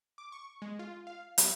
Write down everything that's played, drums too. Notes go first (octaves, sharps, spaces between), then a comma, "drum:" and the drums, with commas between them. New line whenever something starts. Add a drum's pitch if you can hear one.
D6
C#6
G#3
F4
F5
F#3, drum: hi-hat